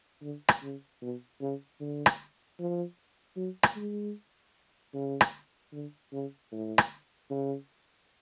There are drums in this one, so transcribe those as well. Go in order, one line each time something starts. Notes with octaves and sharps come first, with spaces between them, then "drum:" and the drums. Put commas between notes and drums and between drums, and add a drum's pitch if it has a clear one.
D3
drum: rim click
C#3
B2
C#3
D3
drum: rim click
F3
F#3
drum: rim click
G#3
C#3
drum: rim click
D3
C#3
A2
drum: rim click
C#3